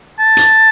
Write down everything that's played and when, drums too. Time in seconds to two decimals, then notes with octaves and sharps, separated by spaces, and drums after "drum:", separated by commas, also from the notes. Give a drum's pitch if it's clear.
0.19 A5
0.37 drum: hi-hat